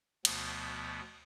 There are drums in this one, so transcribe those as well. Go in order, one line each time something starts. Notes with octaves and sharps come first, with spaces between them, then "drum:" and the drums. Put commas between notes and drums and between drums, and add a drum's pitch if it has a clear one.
D2 B2 F3 B3, drum: cymbal